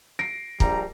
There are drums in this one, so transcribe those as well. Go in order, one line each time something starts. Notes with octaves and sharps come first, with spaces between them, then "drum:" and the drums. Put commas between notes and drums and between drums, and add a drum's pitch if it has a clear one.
A#6 C7 D7
A#1 G3 D4 A#5, drum: kick